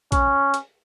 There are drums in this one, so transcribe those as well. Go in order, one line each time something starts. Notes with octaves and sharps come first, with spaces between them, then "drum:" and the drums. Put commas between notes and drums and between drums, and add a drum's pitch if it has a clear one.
C#4, drum: kick, hi-hat
drum: hi-hat